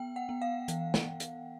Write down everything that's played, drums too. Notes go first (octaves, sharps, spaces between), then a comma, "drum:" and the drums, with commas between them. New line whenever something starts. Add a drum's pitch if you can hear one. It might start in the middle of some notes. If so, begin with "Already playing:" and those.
Already playing: B3 G5
F#5
B3
F5
E3, drum: hi-hat
drum: snare
drum: hi-hat